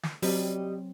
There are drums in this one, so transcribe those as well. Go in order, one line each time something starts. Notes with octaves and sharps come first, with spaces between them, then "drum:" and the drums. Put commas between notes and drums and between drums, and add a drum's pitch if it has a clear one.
drum: snare
F#3 G3 C4 D5 D#5, drum: open hi-hat